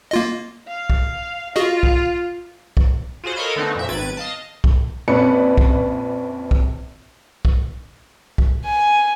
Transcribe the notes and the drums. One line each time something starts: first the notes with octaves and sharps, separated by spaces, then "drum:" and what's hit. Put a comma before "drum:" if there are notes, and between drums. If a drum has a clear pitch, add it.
A#3 F4 D#5
F5
drum: kick
F4 F#4 G#4 D#5
drum: kick
drum: kick
F4 F#4 G#4 C5
A4 A#4 C#5 D#5 F5 B5
D3 A3 B3 C4 D#4
F2 A#2 E5
G#1 D#3 B4 G#6 A6 D7
D#5 F5 A5
drum: kick
A#1 F2 C#4 B4 D5 C#7
drum: kick
drum: kick
drum: kick
drum: kick
G#5